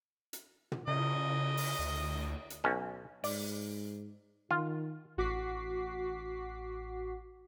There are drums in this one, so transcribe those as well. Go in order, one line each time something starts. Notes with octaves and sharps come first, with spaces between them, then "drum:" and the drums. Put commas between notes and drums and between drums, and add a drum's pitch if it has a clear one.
drum: hi-hat
drum: tom
C#3 D#5, drum: cymbal
drum: open hi-hat
D2
drum: hi-hat
B1 C#4
G#2 D5, drum: open hi-hat
D#3 F4
A1 F#4 D6 B6 C7